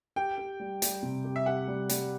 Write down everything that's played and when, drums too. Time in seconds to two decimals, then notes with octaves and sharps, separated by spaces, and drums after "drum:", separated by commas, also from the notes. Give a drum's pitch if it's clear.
0.16 G4 G5
0.38 G4
0.60 G3
0.82 G3, drum: hi-hat
1.03 C3
1.24 G4
1.36 E5
1.46 G4 F#5
1.68 G3
1.89 G3, drum: hi-hat